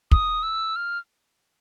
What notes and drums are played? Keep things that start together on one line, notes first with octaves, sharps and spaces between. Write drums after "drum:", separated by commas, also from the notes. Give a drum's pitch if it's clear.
D#6, drum: kick
E6
F6